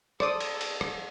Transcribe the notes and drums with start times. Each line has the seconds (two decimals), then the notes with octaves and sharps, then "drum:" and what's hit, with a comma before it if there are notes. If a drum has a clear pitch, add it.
0.20 A4 C5 D5 D#6, drum: rim click
0.40 drum: cymbal
0.61 drum: cymbal
0.81 drum: rim click